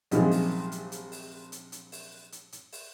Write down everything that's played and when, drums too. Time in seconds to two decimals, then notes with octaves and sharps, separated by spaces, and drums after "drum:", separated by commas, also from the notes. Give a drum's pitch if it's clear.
0.11 A#1 F#2 C3 D#3 F3 G#3, drum: hi-hat
0.31 drum: open hi-hat
0.72 drum: hi-hat
0.92 drum: hi-hat
1.12 drum: open hi-hat
1.52 drum: hi-hat
1.72 drum: hi-hat
1.92 drum: open hi-hat
2.32 drum: hi-hat
2.52 drum: hi-hat
2.73 drum: open hi-hat